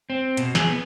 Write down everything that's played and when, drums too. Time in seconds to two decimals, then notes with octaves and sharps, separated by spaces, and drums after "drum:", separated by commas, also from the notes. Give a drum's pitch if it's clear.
0.10 C4
0.37 B2, drum: hi-hat
0.55 G#4, drum: snare
0.70 B3